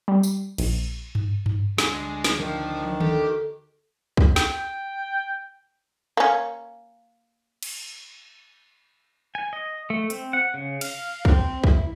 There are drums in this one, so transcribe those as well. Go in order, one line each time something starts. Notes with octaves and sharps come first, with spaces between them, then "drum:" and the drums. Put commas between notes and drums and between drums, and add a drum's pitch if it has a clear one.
G3
drum: tambourine
A#1, drum: cymbal
drum: tom G2
drum: tom G2
D2 G#3 D4, drum: snare
drum: snare
D#3 F3 A#4
G4 A4, drum: tom D3
drum: kick B1
G5, drum: snare
A#3 C#4
drum: cymbal
G#5
D#5
A3
C4, drum: hi-hat
F#5
C#3
F5, drum: cymbal
C4, drum: kick B1
E4, drum: kick B1